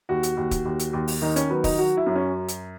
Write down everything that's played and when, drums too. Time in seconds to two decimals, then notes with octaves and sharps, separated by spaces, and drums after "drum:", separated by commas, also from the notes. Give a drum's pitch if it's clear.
0.09 D#2 F#4
0.23 drum: hi-hat
0.37 D#2
0.51 drum: kick, hi-hat
0.65 D#2
0.79 drum: hi-hat
0.93 D#2
1.08 drum: open hi-hat
1.22 D#3 D#4
1.36 C#4, drum: hi-hat
1.50 F#3 B3
1.64 D#4, drum: kick, open hi-hat
1.78 F#3 F#4
1.97 E4
2.06 F#2
2.15 C#4
2.48 drum: hi-hat